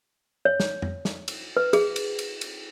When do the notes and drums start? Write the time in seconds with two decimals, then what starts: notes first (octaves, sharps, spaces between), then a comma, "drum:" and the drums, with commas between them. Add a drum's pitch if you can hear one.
0.45 C#5
0.60 drum: snare
0.82 drum: tom
1.05 drum: snare
1.28 drum: cymbal
1.57 B4
1.73 G#4, drum: cymbal
1.96 drum: cymbal
2.19 drum: cymbal
2.41 drum: cymbal